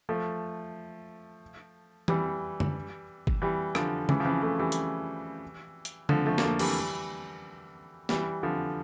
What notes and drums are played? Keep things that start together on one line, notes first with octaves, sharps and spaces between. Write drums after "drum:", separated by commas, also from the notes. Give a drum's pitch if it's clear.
F3 A3
E3 G3, drum: tom E3
drum: tom
drum: kick G1
E3 G3
D3 F3, drum: rim click
C#3 E3, drum: tom C#3
F3
C#3 E3
F3 A3
E3 G3
drum: hi-hat
drum: hi-hat
D3 F3, drum: tom C#3
F3 A3
A#3, drum: snare
F3 A3
E3 G3, drum: cymbal
E3 G3, drum: snare
D3 F3